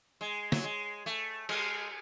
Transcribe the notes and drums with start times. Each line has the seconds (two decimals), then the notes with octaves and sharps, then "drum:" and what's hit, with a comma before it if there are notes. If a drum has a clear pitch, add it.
0.21 G#3
0.52 F#3, drum: snare
0.64 G#3
1.06 A3
1.49 G#3, drum: cymbal